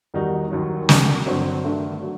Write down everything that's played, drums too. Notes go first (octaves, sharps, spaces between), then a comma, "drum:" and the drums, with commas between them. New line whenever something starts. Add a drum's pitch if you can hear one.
E2 D#3 G3 D#4 F#4
D#2 D#3 F#3
C2 C3 F#3, drum: snare
G1 G2 F#3 C4
G1 G2 D#3 A3
F#3